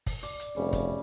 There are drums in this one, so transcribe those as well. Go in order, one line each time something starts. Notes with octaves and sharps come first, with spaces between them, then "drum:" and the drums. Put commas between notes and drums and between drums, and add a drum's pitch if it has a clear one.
drum: kick, open hi-hat
D5, drum: hi-hat
drum: hi-hat
F1 C#3 G3 C#6
drum: kick, hi-hat